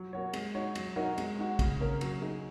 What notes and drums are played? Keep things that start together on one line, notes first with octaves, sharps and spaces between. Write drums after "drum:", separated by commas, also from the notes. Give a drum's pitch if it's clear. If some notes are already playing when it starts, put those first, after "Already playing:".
Already playing: F#3
A#3 F#4 C#5
G#3, drum: cymbal
D#4 F#4 C#5
F#3, drum: cymbal
D#4 F#4 A#4 C#5
G#3, drum: cymbal
D#4 F#4
C#3, drum: kick, cymbal
A#3 C#4 A#4
F#3, drum: cymbal
D#4 G#4